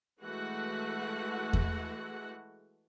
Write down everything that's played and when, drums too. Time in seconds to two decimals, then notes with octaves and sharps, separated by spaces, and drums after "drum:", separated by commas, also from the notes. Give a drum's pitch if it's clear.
0.21 E3 G#3 A3 F#4 F#5
1.53 drum: kick E2